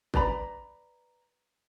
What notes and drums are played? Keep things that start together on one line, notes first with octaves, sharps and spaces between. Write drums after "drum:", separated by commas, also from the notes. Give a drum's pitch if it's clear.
B4 D5 A#5 B5, drum: kick G#1